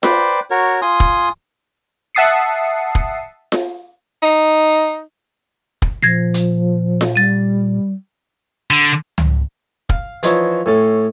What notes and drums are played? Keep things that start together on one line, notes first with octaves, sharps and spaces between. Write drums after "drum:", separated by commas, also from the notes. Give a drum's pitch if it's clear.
B4 C5 D5 G5, drum: snare F4
F#4 A#4 C#5
F4 G#5 C6 D#6
drum: kick
E5 F#5 A5 D#6 C7 C#7
drum: kick
drum: snare F4
D#4
drum: kick
A#2 F3 G#6 A#6 C7
drum: hi-hat
drum: snare F4
G3 A6 D#7
D3
drum: tom C#2
F5, drum: kick
E3 F3 D#4 C#5 E5, drum: hi-hat
A2 C#4 A4